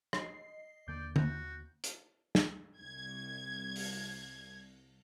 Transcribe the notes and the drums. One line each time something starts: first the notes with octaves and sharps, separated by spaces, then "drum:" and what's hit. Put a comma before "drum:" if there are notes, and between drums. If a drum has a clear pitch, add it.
D#5 C7, drum: rim click
D#2 D3 A#3 D5 G6
F#4, drum: tom
drum: hi-hat
drum: snare
C2 G#6
drum: open hi-hat